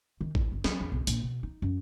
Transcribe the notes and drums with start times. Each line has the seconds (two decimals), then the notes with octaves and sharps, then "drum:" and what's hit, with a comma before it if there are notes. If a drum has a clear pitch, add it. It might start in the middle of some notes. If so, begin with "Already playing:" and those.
0.21 D#3
0.35 E4, drum: kick A1
0.52 G1
0.64 F#3, drum: snare
0.80 E2
0.92 B1
1.07 A#1, drum: hi-hat
1.22 B2
1.43 D#4
1.62 F#2